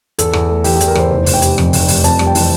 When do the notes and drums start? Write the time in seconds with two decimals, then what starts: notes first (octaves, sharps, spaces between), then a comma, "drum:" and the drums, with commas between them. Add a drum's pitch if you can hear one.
0.19 E2 A4, drum: hi-hat
0.33 E2, drum: rim click
0.49 A3
0.64 E3 G4, drum: open hi-hat
0.76 G4
0.81 E2, drum: hi-hat
0.88 A#4
0.95 E2 C5, drum: rim click
1.11 F1 C5
1.26 F1, drum: open hi-hat
1.34 G5
1.42 C3, drum: hi-hat
1.58 F2, drum: rim click
1.73 F1, drum: open hi-hat
1.88 F1, drum: open hi-hat
2.04 F2 A5, drum: hi-hat
2.19 G3, drum: rim click
2.27 G5
2.35 E3, drum: open hi-hat